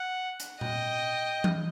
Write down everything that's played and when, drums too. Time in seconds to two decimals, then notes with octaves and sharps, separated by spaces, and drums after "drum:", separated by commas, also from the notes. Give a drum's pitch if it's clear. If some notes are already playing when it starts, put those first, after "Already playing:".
Already playing: F#5
0.40 drum: hi-hat
0.61 D#5 G5, drum: tom A#2
1.44 drum: tom E3